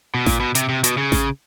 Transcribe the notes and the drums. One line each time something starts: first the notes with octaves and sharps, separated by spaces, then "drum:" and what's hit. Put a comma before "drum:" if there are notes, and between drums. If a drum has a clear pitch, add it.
B2
A#2, drum: snare A1
B2
C3, drum: hi-hat
C3
B2, drum: hi-hat
C#3
drum: snare A1